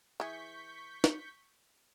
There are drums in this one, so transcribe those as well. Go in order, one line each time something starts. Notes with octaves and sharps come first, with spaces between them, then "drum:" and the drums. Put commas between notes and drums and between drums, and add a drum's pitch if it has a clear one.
E3 G#4 C#6 G6 B6
drum: snare